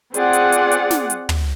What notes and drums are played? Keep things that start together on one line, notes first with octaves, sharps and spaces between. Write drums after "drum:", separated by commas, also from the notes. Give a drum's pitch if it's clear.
C4 F4 G#4 D5 F#5, drum: hi-hat
drum: hi-hat
drum: hi-hat
drum: hi-hat
drum: snare
drum: hi-hat
drum: tom